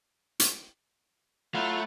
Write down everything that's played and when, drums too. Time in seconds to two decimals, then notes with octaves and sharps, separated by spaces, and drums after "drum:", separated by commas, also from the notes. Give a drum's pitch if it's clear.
0.40 drum: hi-hat
1.55 F#3 A3 E4 F4 F#5